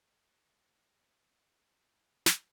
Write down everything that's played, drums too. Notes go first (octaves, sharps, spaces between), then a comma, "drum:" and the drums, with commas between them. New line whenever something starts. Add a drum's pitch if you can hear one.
F#6 A#6 C#7 E7
drum: snare